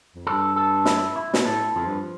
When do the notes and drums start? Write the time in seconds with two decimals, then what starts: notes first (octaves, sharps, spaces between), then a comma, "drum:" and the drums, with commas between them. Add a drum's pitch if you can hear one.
0.14 F2
0.27 G2 A4
0.56 A4
0.85 E4, drum: snare
1.16 E4
1.34 B2, drum: snare
1.45 A2 A4
1.76 F2 F3
1.86 G2